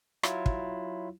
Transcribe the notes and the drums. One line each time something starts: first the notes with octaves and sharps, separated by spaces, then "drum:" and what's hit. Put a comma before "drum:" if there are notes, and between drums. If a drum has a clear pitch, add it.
F#3 E4 F4, drum: rim click
drum: kick